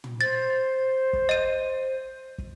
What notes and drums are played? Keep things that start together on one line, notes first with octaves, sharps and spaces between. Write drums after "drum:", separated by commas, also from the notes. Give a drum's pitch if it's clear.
drum: tom
C5 A6
drum: kick
D#5 D#7
drum: kick